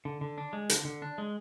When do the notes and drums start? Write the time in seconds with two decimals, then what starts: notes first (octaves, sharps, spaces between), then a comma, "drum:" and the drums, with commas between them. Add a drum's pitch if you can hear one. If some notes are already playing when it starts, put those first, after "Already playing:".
0.05 D3
0.21 D3
0.38 D4
0.53 G#3
0.69 D3, drum: hi-hat
0.85 D3
1.02 D4
1.18 G#3